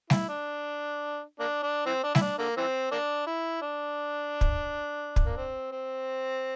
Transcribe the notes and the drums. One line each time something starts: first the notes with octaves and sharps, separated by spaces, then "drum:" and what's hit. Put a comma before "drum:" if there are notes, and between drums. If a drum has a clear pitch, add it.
E4, drum: snare G3
D4
A#3 D4
D4
E3 C4
D4
E4, drum: snare G3
D4
D3 A#3
E3 C4
A#3 D4
E4
D4
drum: kick
drum: kick
A#3
C4
C4